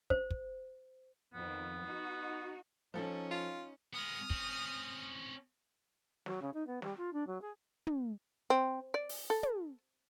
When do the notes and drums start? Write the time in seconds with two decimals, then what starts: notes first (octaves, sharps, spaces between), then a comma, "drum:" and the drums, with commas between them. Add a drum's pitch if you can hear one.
0.10 C5, drum: kick
0.31 drum: kick
1.34 F2 D#3 B3
1.84 D#4 F#4
2.94 F3 C#4 D#4 A4
3.31 F4
3.93 G#3 B3 D#6 F6
4.30 C4 C#4, drum: kick
6.26 F#3, drum: snare
6.42 C#3
6.54 D#4
6.67 B3
6.82 G3, drum: snare
6.97 F4
7.13 D4
7.27 F#3
7.41 G#4
7.87 drum: tom
8.50 C4
8.94 D5
9.09 drum: open hi-hat
9.30 A4
9.43 drum: tom